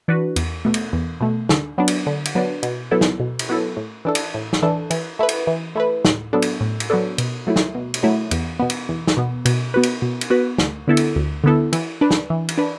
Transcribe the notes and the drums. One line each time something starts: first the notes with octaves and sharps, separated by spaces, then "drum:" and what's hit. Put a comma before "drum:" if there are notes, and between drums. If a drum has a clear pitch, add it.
E3 D4 F#4 B4
E2, drum: cymbal
B2 A3
drum: cymbal
E2
B2 A3
D3, drum: snare
F#3 B3 D4
drum: cymbal
D3
drum: cymbal
F#3 B3 D4
B2, drum: cymbal
F#3 B3 E4 A4
drum: snare
B2
drum: cymbal
F#3 B3 E4 A4
A2
E3 D4 A4
drum: cymbal
A2
drum: snare
E3 D4 A4
E3, drum: cymbal
A3 E4 B4
drum: cymbal
E3
A3 E4 B4
A2, drum: snare
F#3 B3 D4 A4
drum: cymbal
A2
drum: cymbal
F#3 B3 D4 A4
B2, drum: cymbal
F#3 A3 E4
drum: snare
B2
drum: cymbal
F#3 A3 E4
E2, drum: cymbal
B2 B3
drum: cymbal
E2
drum: snare
B2 B3
B2, drum: cymbal
B3 F#4 B4
drum: cymbal
B2
drum: cymbal
B3 F#4 B4
D2, drum: snare
D3 B3 E4 A4
drum: cymbal
D2
D3 B3 E4 A4
E3, drum: cymbal
D4 B4
drum: snare
E3
drum: cymbal
D4 B4